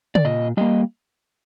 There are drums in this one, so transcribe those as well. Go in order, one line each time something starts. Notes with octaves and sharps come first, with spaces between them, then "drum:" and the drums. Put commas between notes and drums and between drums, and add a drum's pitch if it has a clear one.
D5, drum: tom C#3
A#2 D#5
G3 A#3 D#5